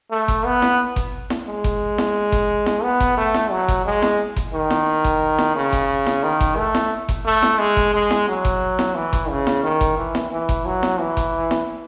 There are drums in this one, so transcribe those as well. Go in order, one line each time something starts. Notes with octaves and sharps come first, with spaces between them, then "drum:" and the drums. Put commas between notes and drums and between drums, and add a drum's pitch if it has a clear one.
A3
drum: kick G1, hi-hat
B3
drum: snare E4
drum: kick G1, hi-hat
drum: snare E4
G#3
drum: kick G1, hi-hat
drum: snare E4
drum: kick G1, hi-hat
drum: snare E4
B3
drum: kick G1, hi-hat
A3
drum: snare E4
F#3
drum: kick G1, hi-hat
G#3
drum: snare E4
drum: kick G1, hi-hat
D#3
drum: snare E4
drum: kick G1, hi-hat
drum: snare E4
C#3
drum: kick G1, hi-hat
drum: snare E4
D#3
drum: kick G1, hi-hat
A3
drum: snare E4
drum: kick G1, hi-hat
A3
drum: snare E4
G#3
drum: kick G1, hi-hat
G#3
drum: snare E4
F#3
drum: kick G1, hi-hat
drum: snare E4
E3
drum: kick G1, hi-hat
C#3
drum: snare E4
D#3
drum: kick G1, hi-hat
E3
drum: snare E4
E3
drum: kick G1, hi-hat
F#3
drum: snare E4
E3
drum: kick G1, hi-hat
drum: snare E4